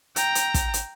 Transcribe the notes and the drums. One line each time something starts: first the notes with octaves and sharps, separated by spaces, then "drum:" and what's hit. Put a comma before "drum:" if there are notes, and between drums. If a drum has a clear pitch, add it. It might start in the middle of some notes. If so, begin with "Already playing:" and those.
G5 A#5, drum: hi-hat
drum: hi-hat
drum: kick, hi-hat
drum: hi-hat